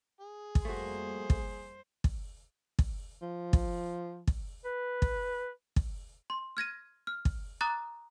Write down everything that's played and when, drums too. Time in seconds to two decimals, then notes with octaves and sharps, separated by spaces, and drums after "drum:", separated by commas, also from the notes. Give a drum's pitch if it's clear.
0.21 G#4
0.55 drum: kick
0.65 F2 G3 A3 A#3 F#4 C5
1.30 drum: kick
2.04 drum: kick
2.79 drum: kick
3.22 F3
3.53 drum: kick
4.27 drum: kick
4.65 B4
5.02 drum: kick
5.76 drum: kick
6.30 C6
6.57 F6 G#6 A#6 D#7
7.07 F6
7.25 drum: kick
7.61 A#5 D6 D#6 F#6 A6